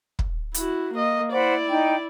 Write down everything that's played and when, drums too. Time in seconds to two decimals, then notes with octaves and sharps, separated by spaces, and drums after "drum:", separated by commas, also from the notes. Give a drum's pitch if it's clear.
0.19 drum: kick
0.54 E4 F#4, drum: hi-hat
0.94 A#3 D#5
1.32 E4 C5 D5 F#5 B5
1.69 D#4 G5